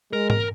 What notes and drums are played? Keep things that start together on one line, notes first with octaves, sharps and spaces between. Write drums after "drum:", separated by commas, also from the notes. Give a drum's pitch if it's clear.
G#3 A#4
A#4, drum: tom